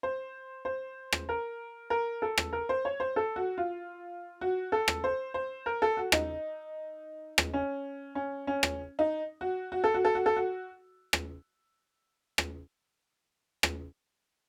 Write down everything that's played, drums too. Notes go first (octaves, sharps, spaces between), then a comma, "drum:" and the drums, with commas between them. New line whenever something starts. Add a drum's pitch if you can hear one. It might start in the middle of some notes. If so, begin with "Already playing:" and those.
C5
C5
drum: rim click
A#4
A#4
A4
drum: rim click
A#4
C5
C#5
C5
A4
F#4
F4
F#4
A4
drum: rim click
C5
C5
A#4
A4
F#4
D#4, drum: rim click
drum: rim click
C#4
C#4
C#4
drum: rim click
D#4
F#4
F#4
A4
F#4
A4
F#4
A4
F#4
drum: rim click
drum: rim click
drum: rim click